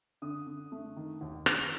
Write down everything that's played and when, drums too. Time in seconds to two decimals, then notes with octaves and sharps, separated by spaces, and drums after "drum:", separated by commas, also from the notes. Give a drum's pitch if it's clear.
0.22 D3 D#6
0.47 D3
0.72 A3
0.97 D#3
1.21 D#2
1.46 D#2, drum: rim click